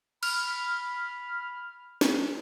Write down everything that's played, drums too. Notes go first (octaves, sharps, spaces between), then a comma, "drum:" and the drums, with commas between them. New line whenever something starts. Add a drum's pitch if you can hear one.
B5 F6, drum: cymbal
drum: snare